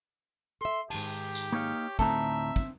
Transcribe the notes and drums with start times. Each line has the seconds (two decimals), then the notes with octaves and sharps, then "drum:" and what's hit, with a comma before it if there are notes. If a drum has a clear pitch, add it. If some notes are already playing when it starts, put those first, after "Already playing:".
0.61 A4 E5 C6
0.90 G#2 D#3 G4 A5, drum: cymbal
1.35 drum: tambourine
1.52 A#3 D#4 C#5 F5
1.99 D2 A2 C4 D#4 A4 E5 A5, drum: kick
2.56 drum: kick